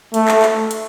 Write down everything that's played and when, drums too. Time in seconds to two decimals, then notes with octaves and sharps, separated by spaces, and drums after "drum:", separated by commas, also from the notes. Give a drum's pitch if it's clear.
0.14 A3, drum: hi-hat
0.28 drum: clap
0.42 drum: clap
0.71 drum: hi-hat